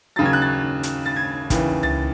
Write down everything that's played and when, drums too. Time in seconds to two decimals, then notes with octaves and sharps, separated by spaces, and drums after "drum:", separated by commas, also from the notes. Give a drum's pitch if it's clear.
0.16 D#2 C#3 F#3 A6
0.25 G#6
0.33 F#6
0.42 A6
0.83 drum: hi-hat
1.06 A6
1.16 G#6
1.50 D#2 C#3 E3, drum: kick, hi-hat
1.83 A6, drum: tom C#2